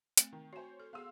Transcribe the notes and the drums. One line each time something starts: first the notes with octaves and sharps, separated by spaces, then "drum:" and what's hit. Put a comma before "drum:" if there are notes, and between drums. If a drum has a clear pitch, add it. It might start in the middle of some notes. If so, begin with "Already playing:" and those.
A3 C4, drum: hi-hat
D#3
F#4 C5 C#5 G#5
A4
B3 G#4 F5 C6 E6